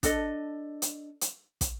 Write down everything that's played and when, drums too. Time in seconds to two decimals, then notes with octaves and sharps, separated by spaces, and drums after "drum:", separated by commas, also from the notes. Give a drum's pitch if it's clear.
0.03 D4 A4 D#5, drum: kick, hi-hat
0.82 drum: hi-hat
1.21 drum: hi-hat
1.61 drum: kick, hi-hat